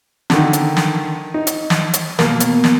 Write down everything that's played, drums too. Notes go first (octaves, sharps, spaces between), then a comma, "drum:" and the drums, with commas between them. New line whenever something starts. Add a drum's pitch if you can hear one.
D3 D#3, drum: snare
drum: hi-hat
drum: snare
D#4
drum: hi-hat
drum: snare
drum: hi-hat
B2 A#3, drum: snare
drum: hi-hat
drum: snare